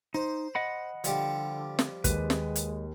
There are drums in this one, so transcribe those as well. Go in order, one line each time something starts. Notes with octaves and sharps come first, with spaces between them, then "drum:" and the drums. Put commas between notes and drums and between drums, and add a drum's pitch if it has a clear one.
D#4 C5
D#5 F#5 B5
D3 F3 G3 G4, drum: hi-hat
drum: snare
D#2 G#3 B4, drum: kick, hi-hat
drum: snare
drum: hi-hat